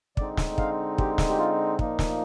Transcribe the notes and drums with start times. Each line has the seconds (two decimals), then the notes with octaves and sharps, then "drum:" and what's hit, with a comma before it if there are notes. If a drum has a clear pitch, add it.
0.17 D3 G#3 C4 D#4 D5, drum: kick
0.37 drum: snare
0.58 F5, drum: kick
0.98 G4, drum: kick
1.18 drum: snare
1.29 G4
1.38 F4
1.79 A#2 F3 A#3 D#4, drum: kick
1.99 drum: snare